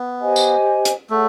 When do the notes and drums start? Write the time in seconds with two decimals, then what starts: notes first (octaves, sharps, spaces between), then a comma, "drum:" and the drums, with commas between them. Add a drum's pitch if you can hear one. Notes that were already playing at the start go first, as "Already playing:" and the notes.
Already playing: B3
0.20 G4 C5 D#5 G#5
0.36 drum: tambourine
0.85 drum: hi-hat
1.10 A3 G#4 C#5 F#5 B5